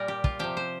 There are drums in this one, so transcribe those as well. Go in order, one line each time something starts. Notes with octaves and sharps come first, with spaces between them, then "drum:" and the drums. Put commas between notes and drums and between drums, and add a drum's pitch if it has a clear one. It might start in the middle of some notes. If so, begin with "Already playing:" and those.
Already playing: A#2 G3 A#4
G4
F4, drum: kick
C3 F3 G4
C5